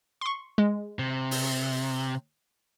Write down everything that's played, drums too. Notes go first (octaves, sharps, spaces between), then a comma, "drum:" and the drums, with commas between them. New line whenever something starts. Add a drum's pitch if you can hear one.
C6 C#6
G#3
C3
drum: open hi-hat